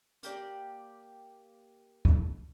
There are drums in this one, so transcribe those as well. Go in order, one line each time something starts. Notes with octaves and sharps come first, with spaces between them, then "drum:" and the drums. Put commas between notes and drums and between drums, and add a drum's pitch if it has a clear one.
A#3 G4 D5, drum: hi-hat
drum: kick